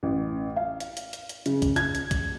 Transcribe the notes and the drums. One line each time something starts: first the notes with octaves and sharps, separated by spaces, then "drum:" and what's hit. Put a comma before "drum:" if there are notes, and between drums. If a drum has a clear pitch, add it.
A1
F5
drum: hi-hat
drum: hi-hat
drum: hi-hat
drum: hi-hat
C#3, drum: hi-hat
drum: kick, hi-hat
G#6, drum: hi-hat
drum: hi-hat
drum: kick, hi-hat